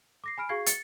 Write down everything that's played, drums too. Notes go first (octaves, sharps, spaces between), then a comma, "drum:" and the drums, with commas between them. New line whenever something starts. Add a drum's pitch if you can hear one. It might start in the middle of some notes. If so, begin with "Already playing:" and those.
D6 A#6 C7
G#5 B5 F6 D7
F#4 G#4 F5 C#6 G#6 C7
A6 C#7, drum: hi-hat